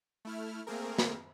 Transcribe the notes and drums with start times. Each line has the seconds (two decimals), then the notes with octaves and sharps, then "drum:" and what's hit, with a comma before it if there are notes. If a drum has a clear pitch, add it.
0.25 A3 E4 F6
0.67 A3 A#3 C4 G#4 A#4
0.99 drum: snare